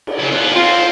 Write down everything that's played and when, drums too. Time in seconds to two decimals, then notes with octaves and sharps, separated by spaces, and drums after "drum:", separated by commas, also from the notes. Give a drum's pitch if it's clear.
0.07 drum: cymbal
0.19 C#3 E4
0.31 B3 F4
0.55 C4 F4
0.78 C5